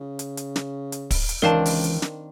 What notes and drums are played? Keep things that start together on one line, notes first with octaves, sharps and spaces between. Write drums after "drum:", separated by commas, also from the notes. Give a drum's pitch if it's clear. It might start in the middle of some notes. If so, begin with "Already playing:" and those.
C#3
drum: hi-hat
drum: hi-hat
drum: snare
drum: hi-hat
drum: kick, open hi-hat
drum: hi-hat
C#2 D#3 E3 C4 D4 A#4 F5 A5
drum: open hi-hat
drum: hi-hat
drum: snare